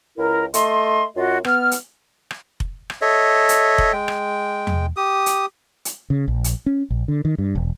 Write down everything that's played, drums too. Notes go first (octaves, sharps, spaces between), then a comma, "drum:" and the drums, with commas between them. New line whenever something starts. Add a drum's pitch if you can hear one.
C#2 E4 A#4
A3 D#5 C6, drum: hi-hat
F#2 F4 F#4 D#5
B3 F6, drum: rim click
drum: hi-hat
drum: rim click
drum: kick F1
drum: rim click
A4 C#5 D#5 E5
drum: hi-hat
drum: kick F1
G#3 G5
drum: rim click
drum: tom E2
G4 D#6
drum: hi-hat
drum: hi-hat
C#3
A#1
drum: hi-hat
C#4
A#1
D3
D#3
G2
E1